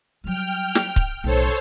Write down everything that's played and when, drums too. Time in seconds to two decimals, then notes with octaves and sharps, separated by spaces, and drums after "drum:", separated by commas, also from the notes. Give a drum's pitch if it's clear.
0.24 F#3 G3 G5 F6
0.75 drum: snare
0.96 drum: kick C#1
1.24 B1 A2 A4 C5 C#5